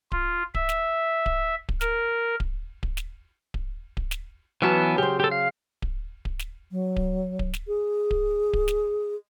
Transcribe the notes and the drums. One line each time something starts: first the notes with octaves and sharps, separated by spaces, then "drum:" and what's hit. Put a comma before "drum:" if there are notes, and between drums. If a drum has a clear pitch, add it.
F4, drum: kick D1
E5, drum: kick D1
drum: snare
drum: kick D1
drum: kick D1
A#4, drum: snare
drum: kick D1
drum: kick D1
drum: snare
drum: kick D1
drum: kick D1
drum: snare
E3 F#3 B3 C#4 A5
C#3 G4 C5
G4 A4
F5
drum: kick D1
drum: kick D1
drum: snare
F#3
drum: kick D1
drum: kick D1
drum: snare
G#4
drum: kick D1
drum: kick D1
drum: snare